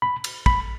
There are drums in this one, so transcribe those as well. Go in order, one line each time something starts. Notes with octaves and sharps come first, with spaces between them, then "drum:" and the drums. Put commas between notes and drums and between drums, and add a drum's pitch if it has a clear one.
B5
drum: cymbal
B5, drum: kick